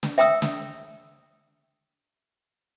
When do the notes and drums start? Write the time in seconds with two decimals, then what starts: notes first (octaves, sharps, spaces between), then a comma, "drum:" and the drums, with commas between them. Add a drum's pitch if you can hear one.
0.03 drum: snare
0.18 E5 G5 A#5 D#6 E6, drum: hi-hat
0.42 drum: snare